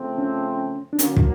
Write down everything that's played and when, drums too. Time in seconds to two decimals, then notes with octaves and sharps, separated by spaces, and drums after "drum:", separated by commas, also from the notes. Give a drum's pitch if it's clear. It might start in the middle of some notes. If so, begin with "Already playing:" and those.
Already playing: C#3 F3 A3 C4
0.18 C#4
0.93 D4
0.99 D3 F#3 A#3 C#4, drum: hi-hat
1.16 drum: kick